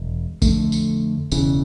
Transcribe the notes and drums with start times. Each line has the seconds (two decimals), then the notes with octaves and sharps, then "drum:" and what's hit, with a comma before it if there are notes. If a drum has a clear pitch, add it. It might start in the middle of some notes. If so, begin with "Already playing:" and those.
Already playing: E1
0.42 F2 D3 A3, drum: kick A1, tambourine
0.72 drum: tambourine
1.32 E1 E2 C#3 E3, drum: tambourine